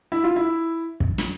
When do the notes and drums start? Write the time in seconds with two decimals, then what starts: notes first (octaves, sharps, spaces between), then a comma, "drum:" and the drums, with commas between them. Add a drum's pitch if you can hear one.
0.12 E4
0.24 F4
0.36 E4
1.00 drum: kick
1.18 drum: snare